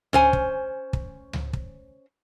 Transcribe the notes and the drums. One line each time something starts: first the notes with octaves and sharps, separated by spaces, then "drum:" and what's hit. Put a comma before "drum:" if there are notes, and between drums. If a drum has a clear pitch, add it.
C#4 C5 G#5, drum: tom C#2
drum: kick
drum: kick
drum: tom C#2
drum: kick